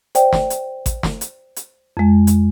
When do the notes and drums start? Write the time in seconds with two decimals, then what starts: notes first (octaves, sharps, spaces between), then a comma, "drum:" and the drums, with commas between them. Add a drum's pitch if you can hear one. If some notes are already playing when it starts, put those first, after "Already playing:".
0.15 C5 D5 G5, drum: hi-hat
0.33 drum: snare
0.50 drum: hi-hat
0.86 drum: kick A1, hi-hat
1.03 drum: snare
1.21 drum: hi-hat
1.56 drum: hi-hat
1.97 F2 G#3
2.27 drum: hi-hat